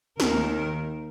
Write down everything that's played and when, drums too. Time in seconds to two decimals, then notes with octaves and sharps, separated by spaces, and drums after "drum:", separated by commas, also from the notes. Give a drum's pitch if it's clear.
0.20 D#2 D#3 A#4, drum: snare